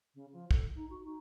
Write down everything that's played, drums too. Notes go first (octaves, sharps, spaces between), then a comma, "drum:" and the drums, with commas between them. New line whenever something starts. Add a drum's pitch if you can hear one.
C#3
F3
A4, drum: kick
D#4
F#4
D#4